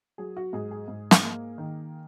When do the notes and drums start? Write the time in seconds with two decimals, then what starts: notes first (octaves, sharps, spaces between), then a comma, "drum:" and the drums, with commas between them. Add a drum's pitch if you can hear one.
0.18 F#3 G#4
0.37 F#4
0.53 G#2 G#4
0.71 G#4
0.88 G#2
1.11 drum: snare
1.23 A#3
1.58 D#3